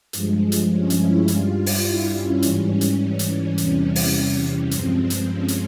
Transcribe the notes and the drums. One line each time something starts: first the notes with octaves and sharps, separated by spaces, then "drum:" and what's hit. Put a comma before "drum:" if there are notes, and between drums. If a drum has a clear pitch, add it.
G2 F3 G#3, drum: hi-hat
drum: hi-hat
C#4
drum: hi-hat
E4
G2 G3 F4, drum: hi-hat
drum: open hi-hat
E4
C#4
G#2 E3 G3 C#4, drum: hi-hat
drum: hi-hat
drum: hi-hat
E2 C3 E3 G3, drum: hi-hat
drum: open hi-hat
G2 F3 G#3 C4, drum: hi-hat
drum: hi-hat
C#4
drum: hi-hat